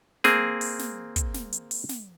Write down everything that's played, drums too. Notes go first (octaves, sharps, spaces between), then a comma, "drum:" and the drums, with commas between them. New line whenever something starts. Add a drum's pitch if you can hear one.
A#3 C4 G#4, drum: snare
drum: open hi-hat
drum: snare
drum: kick, hi-hat
drum: snare
drum: hi-hat
drum: open hi-hat
drum: snare